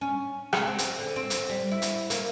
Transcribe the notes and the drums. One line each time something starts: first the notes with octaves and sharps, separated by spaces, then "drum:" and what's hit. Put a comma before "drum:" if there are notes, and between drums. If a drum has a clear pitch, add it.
C#4
G#3, drum: rim click
C4
drum: hi-hat
D3
C4
drum: hi-hat
G3
E4
drum: hi-hat
A#3, drum: hi-hat